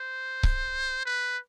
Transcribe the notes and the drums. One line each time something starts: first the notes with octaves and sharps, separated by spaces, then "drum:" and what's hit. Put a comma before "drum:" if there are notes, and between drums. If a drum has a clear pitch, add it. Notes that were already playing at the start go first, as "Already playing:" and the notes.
Already playing: C5
drum: kick C#1
B4